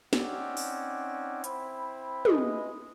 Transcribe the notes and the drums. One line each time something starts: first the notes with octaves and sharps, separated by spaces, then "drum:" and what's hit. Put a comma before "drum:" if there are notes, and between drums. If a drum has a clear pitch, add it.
C4 C#4 D#4 D5 F#5, drum: snare
drum: open hi-hat
C4 E4 C5 B5, drum: hi-hat
G#3 E4 B4 D#5, drum: tom